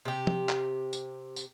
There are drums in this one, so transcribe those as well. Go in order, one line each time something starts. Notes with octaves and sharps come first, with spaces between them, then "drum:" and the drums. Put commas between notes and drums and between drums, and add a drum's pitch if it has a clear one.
C3 G4
drum: tom
drum: clap
drum: tambourine
drum: tambourine